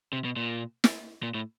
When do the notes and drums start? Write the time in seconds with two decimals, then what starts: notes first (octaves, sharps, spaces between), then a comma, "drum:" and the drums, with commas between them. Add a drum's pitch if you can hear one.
0.13 C3
0.24 B2
0.36 A#2
0.84 drum: snare
1.23 A#2
1.34 A2